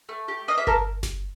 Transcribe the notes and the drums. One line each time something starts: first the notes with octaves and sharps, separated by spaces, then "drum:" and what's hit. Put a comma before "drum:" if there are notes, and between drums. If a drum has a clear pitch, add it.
A3
G4
A#3 D#5
E5
A4 A#4, drum: kick G1
drum: snare F#1